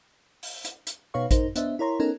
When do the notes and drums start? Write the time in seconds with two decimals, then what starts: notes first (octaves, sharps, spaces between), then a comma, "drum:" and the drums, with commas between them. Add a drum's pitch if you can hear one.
0.43 drum: open hi-hat
0.65 drum: hi-hat
0.87 drum: hi-hat
1.14 B2 D#4 B4 C#5 F5 C#6
1.31 D#4 A#4 C5, drum: kick A1, hi-hat
1.56 B3 D4 C5 D#5 E5, drum: hi-hat
1.79 E4 A#4 C#5 A#5 C6
2.00 B3 C#4 D#4 A4 A#4